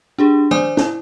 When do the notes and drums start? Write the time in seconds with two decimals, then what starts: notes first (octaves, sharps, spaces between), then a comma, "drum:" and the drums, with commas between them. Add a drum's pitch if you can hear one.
0.19 D4 G4 G#4
0.51 C5 D5 G#5 D6 D#6 G6, drum: tom D#3
0.77 E4, drum: snare